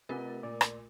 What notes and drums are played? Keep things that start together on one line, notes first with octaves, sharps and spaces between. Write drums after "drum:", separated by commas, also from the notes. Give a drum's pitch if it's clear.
C3 A3 F4 A#4 B4 F#5
A#2 D5
drum: rim click